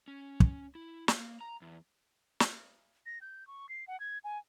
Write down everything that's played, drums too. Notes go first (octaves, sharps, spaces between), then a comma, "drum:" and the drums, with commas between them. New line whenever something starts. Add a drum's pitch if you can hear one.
C#4
drum: kick
E4
A#3, drum: snare
A#5
E2
drum: snare
A#6
G6
C#6
C7
F#5
G#6
G#5